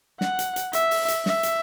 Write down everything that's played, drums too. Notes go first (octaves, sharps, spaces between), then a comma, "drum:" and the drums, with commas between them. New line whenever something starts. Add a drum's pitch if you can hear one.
F#5, drum: snare
drum: hi-hat
drum: hi-hat
E5, drum: hi-hat
drum: open hi-hat
drum: hi-hat
E5, drum: snare
drum: hi-hat